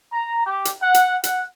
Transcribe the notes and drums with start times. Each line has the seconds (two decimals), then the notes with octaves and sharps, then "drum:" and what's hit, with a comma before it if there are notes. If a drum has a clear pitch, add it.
0.12 A#5
0.45 G4
0.65 drum: hi-hat
0.81 F#5
0.94 drum: hi-hat
1.24 F#5, drum: hi-hat